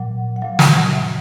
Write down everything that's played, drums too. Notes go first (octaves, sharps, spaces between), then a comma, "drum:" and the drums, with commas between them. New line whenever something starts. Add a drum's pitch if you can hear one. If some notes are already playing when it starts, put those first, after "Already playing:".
Already playing: A#2 F#3 F#5
F#5
A#2 F#3 F5
drum: snare
F#2 C#3 F#3 E5